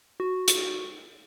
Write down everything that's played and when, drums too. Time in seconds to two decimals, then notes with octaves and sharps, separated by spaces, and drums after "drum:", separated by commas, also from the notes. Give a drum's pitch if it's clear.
0.20 F#4
0.48 drum: hi-hat